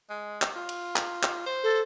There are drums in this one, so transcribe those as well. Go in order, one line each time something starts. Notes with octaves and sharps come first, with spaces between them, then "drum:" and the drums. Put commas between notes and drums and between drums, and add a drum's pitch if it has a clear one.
G#3
drum: clap
F4
drum: cymbal
drum: clap
drum: clap
C5
A4